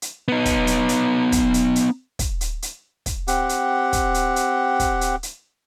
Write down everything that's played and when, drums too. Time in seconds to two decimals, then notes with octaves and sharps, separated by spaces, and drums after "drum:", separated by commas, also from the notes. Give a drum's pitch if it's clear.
0.02 drum: hi-hat
0.28 B3 D#4
0.45 drum: kick, hi-hat
0.67 drum: hi-hat
0.89 drum: hi-hat
1.32 drum: kick, hi-hat
1.54 drum: hi-hat
1.76 drum: hi-hat
2.19 drum: kick, hi-hat
2.41 drum: hi-hat
2.62 drum: hi-hat
3.06 drum: kick, hi-hat
3.28 C4 G4 F#5, drum: hi-hat
3.49 drum: hi-hat
3.93 drum: kick, hi-hat
4.14 drum: hi-hat
4.36 drum: hi-hat
4.79 drum: kick, hi-hat
5.01 drum: hi-hat
5.23 drum: hi-hat